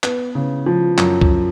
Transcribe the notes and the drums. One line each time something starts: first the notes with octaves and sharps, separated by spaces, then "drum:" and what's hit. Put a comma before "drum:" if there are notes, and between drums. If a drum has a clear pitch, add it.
B3, drum: clap
C#3
F3
F#2, drum: clap
drum: kick C2